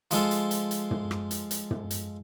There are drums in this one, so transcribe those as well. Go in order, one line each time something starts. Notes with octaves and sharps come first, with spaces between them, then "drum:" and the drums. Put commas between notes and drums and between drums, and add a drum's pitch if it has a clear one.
F3 G#3 F4 A4, drum: hi-hat
drum: hi-hat
drum: hi-hat
drum: hi-hat
drum: tom
drum: rim click
drum: hi-hat
drum: hi-hat
drum: tom
drum: hi-hat